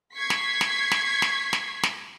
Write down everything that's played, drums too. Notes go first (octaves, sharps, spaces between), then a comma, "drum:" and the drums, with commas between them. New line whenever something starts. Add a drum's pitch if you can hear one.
C#6 G#6 B6 C7
drum: snare
drum: snare
drum: snare
drum: snare
drum: snare
drum: snare